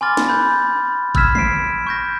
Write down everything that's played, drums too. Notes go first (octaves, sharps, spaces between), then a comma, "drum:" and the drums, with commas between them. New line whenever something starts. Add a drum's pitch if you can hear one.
G#5 B5 C6 D6 F6 A6
drum: snare
B5 F#6 G6
B5 E6 F6 G#6 B6 E7, drum: kick A1
C7 D7, drum: tom
C#6 G6 A#6